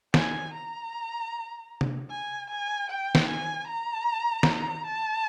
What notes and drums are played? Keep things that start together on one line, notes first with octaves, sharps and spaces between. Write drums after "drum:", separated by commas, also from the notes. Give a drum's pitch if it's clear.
G#5, drum: snare
A#5
drum: tom C3
G#5
G#5
G5
drum: snare
G#5
A#5
drum: snare
A5